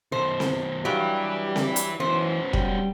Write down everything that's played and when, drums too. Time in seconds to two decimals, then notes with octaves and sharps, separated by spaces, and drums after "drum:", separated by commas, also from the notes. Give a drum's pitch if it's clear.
0.12 B2 D#3 C5
0.40 drum: snare C4
0.85 G2 F#3 G3 E4 G4 B4
1.56 drum: snare C4
1.76 drum: hi-hat
2.00 B1 E3 B3 C#4 C5
2.53 F#3 G3 G5, drum: kick